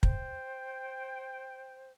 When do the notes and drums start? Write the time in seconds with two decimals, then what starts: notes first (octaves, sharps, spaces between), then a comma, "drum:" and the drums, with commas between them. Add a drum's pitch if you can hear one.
0.03 C5 G5, drum: kick